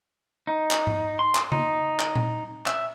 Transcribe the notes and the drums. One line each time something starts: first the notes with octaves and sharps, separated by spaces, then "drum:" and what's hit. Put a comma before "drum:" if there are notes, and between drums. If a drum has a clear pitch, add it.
D#4
drum: clap
drum: tom G#2
C6
drum: clap
D#4, drum: tom C#3
drum: clap
drum: tom A#2
E5, drum: clap